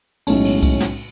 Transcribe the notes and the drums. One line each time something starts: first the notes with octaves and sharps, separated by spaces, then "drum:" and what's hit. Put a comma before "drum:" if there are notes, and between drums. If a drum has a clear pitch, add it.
B1 A2 G#3 C#4, drum: cymbal
drum: cymbal
drum: kick C2, cymbal
drum: snare